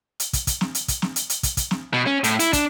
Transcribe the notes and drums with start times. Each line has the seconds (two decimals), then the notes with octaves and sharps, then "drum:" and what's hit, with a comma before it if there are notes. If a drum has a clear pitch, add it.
0.20 drum: hi-hat
0.33 drum: kick, hi-hat
0.47 drum: kick, hi-hat
0.61 drum: snare
0.75 drum: hi-hat
0.88 drum: kick, hi-hat
1.02 drum: snare
1.16 drum: hi-hat
1.30 drum: hi-hat
1.43 drum: kick, hi-hat
1.57 drum: kick, hi-hat
1.71 drum: snare
1.93 B2
2.06 C#4
2.24 A2, drum: hi-hat
2.39 E4, drum: hi-hat
2.53 D4, drum: kick, hi-hat